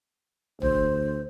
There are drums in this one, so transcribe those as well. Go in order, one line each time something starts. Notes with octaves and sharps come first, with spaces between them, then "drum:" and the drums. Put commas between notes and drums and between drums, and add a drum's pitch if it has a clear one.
D2 C5, drum: tom